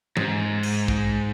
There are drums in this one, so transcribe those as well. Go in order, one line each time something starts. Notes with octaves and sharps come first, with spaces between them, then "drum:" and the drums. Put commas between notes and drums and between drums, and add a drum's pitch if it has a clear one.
G#2, drum: tom E3
drum: cymbal
drum: kick A#1